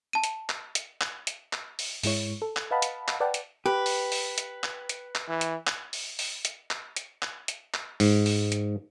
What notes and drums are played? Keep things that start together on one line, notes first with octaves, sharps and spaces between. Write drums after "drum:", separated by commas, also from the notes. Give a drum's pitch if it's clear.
A5 D#7
drum: hi-hat
drum: clap
drum: hi-hat
drum: clap
drum: hi-hat
drum: clap
drum: open hi-hat
G#2 G#3 E4 C#5, drum: open hi-hat
A4
drum: clap
B4 D#5 F5 F#5 A5 B5
drum: hi-hat
drum: clap
B4 D5 F#5 G5 A5
drum: hi-hat
G4 B4
drum: open hi-hat
drum: open hi-hat
drum: hi-hat
drum: clap
drum: hi-hat
drum: clap
E3
drum: hi-hat
drum: clap
drum: open hi-hat
drum: open hi-hat
drum: hi-hat
drum: clap
drum: hi-hat
drum: clap
drum: hi-hat
drum: clap
G#2, drum: open hi-hat
drum: open hi-hat
drum: hi-hat